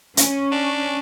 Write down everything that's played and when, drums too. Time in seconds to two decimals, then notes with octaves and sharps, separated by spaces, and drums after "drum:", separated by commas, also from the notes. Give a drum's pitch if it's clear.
0.17 C#4, drum: hi-hat
0.52 D4